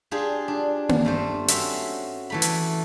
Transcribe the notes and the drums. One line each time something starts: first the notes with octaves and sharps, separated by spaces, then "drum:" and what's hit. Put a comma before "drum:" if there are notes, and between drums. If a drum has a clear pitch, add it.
D4 F4 G4 G#4
D4
drum: tom A#3
G2 A3 C5
C4 C#4 F#4 E5, drum: hi-hat
E3 A3 B5
drum: hi-hat